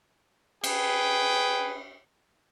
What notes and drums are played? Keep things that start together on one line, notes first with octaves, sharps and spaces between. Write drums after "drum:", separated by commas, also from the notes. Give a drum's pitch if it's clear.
G#4 B4 G5, drum: cymbal